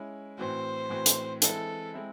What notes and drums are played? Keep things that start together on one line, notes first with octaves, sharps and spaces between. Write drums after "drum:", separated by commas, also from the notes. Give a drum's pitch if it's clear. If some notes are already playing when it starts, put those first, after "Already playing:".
Already playing: G#3 C#4 E4
A2 E3 C4 F#4 C5
A2 E3 C4 F#4
drum: hi-hat
E3 G#3 C4 E4 A4, drum: hi-hat
G#3 C4 E4